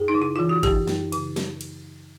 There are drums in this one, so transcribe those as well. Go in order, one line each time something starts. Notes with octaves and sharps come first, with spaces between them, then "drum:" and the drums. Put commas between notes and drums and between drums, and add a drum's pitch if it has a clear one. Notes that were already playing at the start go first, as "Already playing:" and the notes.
Already playing: F#2 G#4
D#4
C#3
E4
E3 F4
F#4
F#2 G4, drum: kick G#1, cymbal
F#2, drum: snare
C#3, drum: cymbal
drum: snare
drum: cymbal